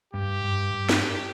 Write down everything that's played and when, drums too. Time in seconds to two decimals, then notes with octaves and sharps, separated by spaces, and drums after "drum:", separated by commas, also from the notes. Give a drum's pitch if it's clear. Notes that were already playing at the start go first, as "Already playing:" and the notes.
0.14 G2 G4
0.44 G2
0.74 G2
0.89 drum: snare